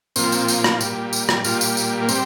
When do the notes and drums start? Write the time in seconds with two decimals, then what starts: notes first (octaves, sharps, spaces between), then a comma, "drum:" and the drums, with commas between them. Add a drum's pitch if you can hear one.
0.16 A#2 F3 C4, drum: tambourine
0.32 drum: tambourine
0.48 drum: tambourine
0.64 drum: rim click
0.81 A#2 G3, drum: tambourine
1.13 drum: tambourine
1.29 drum: rim click
1.45 A#2 G3 F4, drum: tambourine
1.61 drum: tambourine
1.77 drum: tambourine
2.02 A#3
2.09 G3 C4, drum: tambourine